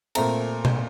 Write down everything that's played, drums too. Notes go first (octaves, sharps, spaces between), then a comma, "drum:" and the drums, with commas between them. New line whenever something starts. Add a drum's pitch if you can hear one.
A#2 A3 C4 A#5, drum: cymbal
drum: tom B2